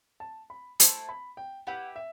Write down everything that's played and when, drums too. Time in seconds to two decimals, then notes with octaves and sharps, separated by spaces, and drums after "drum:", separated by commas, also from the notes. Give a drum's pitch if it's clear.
0.20 A5
0.50 B5
0.80 A3 E4 A4 C5, drum: hi-hat
1.09 B5
1.37 G5
1.67 E4 G4 B4 F#5
1.96 E5